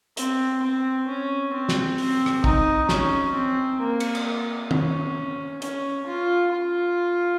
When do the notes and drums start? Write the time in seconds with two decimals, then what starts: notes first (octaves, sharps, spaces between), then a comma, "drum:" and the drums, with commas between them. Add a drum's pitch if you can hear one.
0.17 C4, drum: hi-hat
0.62 C4
1.08 C#4
1.53 C4
1.69 drum: snare
1.98 C4, drum: open hi-hat
2.26 drum: rim click
2.44 D#4, drum: kick
2.89 C#4, drum: snare
3.34 C4
3.80 A#3
4.00 drum: cymbal
4.15 drum: cymbal
4.71 C#4, drum: tom
5.62 C#4, drum: hi-hat
6.07 F4
6.51 F4